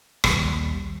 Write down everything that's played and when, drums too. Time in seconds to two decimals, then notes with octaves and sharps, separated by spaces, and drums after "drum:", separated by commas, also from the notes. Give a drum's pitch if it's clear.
0.24 A#1 D#2 G3, drum: rim click